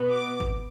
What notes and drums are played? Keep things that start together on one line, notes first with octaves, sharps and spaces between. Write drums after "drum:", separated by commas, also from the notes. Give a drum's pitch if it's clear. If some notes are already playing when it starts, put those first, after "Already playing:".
Already playing: B2 B3
D6
drum: kick G#1